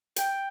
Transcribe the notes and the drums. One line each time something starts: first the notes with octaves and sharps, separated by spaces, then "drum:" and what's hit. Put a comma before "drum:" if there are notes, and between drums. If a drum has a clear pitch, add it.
G5, drum: hi-hat